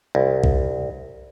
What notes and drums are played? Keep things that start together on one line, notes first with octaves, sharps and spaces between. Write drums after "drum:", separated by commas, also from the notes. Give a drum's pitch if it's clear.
C2
drum: kick C2